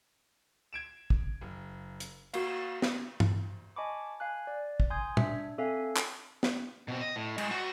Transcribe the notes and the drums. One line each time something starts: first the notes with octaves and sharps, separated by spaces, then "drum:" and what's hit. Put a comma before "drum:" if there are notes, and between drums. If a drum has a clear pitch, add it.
G#6 D7 E7
drum: kick
F#1
drum: hi-hat
A#3 F#4 F5, drum: cymbal
drum: snare
drum: tom G2
D#5 G#5 A5 B5 C#6 D6
F5 G#5 F#6
D5
drum: kick
G#5 C6 D#6 G6 G#6
D4 E5, drum: tom
C4 A4 E5 F5 G#5
drum: clap
drum: snare
B2 C4
D#5
A2
G#3, drum: cymbal
F#4